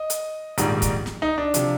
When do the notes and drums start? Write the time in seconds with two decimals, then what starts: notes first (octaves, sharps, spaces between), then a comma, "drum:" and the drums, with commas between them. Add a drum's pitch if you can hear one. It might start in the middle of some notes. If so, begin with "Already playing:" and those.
Already playing: D#5
0.10 drum: hi-hat
0.58 A#1 G#2 D#3 G3, drum: hi-hat
0.82 drum: kick, hi-hat
1.06 drum: snare
1.22 D#4
1.38 D4
1.54 C3 F3, drum: hi-hat